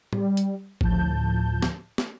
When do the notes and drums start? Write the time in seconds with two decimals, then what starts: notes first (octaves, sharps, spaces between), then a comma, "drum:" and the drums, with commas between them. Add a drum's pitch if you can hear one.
0.13 G3, drum: tom A2
0.37 drum: hi-hat
0.81 D2 A2 F3 A5 G6, drum: kick
1.62 drum: snare
1.98 drum: snare